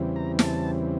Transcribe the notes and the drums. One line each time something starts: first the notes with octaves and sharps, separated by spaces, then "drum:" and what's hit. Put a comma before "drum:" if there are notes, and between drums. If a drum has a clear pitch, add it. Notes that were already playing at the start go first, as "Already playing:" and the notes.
Already playing: E2 C#3 E3 G3 C4
A#5
A5, drum: snare